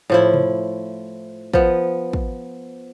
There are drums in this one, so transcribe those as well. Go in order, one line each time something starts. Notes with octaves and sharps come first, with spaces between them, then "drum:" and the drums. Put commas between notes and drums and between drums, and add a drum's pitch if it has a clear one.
A2 F3 E4
drum: tom C3
F3 B3, drum: kick
drum: kick